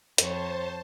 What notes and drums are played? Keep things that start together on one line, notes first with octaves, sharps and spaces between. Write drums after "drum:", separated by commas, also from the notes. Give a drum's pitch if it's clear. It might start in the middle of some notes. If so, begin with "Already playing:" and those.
F2 C5 C#5 A5, drum: hi-hat